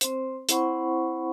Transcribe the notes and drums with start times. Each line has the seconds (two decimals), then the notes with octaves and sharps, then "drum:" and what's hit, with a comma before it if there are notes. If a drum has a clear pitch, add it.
0.01 C4 C5, drum: hi-hat
0.49 C4 E4 C5 F#5 B5 C#6, drum: hi-hat